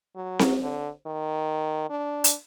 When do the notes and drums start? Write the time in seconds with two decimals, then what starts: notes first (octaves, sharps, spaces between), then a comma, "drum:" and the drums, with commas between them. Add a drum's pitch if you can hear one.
0.16 F#3
0.39 drum: snare C4
0.61 D3
1.07 D#3
1.90 D4
2.24 drum: hi-hat